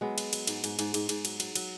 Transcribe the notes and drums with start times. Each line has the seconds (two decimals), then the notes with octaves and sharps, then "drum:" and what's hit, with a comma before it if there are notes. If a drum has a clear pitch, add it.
0.01 F#3 G#3 B3
0.18 F#3, drum: cymbal
0.33 F#3, drum: cymbal
0.47 G#2, drum: cymbal
0.64 G#2, drum: cymbal
0.79 G#2, drum: cymbal
0.94 G#2, drum: cymbal
1.09 G#2, drum: cymbal
1.25 F#3, drum: cymbal
1.40 F#3, drum: cymbal
1.55 F#3, drum: cymbal